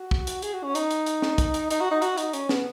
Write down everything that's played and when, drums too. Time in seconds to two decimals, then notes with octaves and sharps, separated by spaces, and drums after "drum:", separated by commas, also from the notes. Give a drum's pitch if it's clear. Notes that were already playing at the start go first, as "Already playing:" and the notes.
Already playing: F#4
0.11 drum: kick
0.27 drum: hi-hat
0.42 G#4, drum: hi-hat
0.54 F#4
0.64 C#4
0.75 D#4, drum: hi-hat
0.91 drum: hi-hat
1.06 drum: hi-hat
1.22 drum: snare
1.38 drum: kick, hi-hat
1.54 drum: hi-hat
1.70 D#4, drum: hi-hat
1.81 F#4
1.91 D#4
2.02 F#4, drum: hi-hat
2.18 D#4, drum: hi-hat
2.33 C#4, drum: hi-hat
2.49 B3, drum: snare